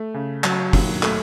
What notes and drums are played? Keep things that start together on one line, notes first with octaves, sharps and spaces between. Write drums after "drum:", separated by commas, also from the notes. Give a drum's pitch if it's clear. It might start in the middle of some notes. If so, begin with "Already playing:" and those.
Already playing: A3
C#3
F#3, drum: clap
D#2, drum: kick, open hi-hat
A3, drum: clap